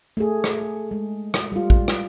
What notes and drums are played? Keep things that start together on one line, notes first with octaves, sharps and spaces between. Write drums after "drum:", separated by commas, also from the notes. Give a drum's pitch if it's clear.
A3 G#4
drum: rim click
G#3
drum: rim click
G3 F4
drum: kick A1
drum: rim click